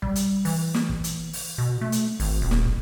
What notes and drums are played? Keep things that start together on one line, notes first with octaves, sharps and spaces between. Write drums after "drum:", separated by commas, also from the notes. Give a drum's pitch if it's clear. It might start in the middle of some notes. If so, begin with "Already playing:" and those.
G3, drum: kick
drum: hi-hat
E3, drum: open hi-hat
drum: snare
drum: kick
drum: hi-hat
drum: open hi-hat
B2
A3
drum: hi-hat
G#1, drum: open hi-hat
D#1
drum: snare
drum: kick